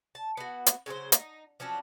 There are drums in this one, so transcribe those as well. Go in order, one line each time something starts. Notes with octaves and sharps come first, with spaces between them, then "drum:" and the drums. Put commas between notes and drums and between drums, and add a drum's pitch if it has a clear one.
A5
B3 E4 F#4
drum: hi-hat
C#3 F#3 G#4 C5
D#4, drum: hi-hat
F3 F#3 C#4 D4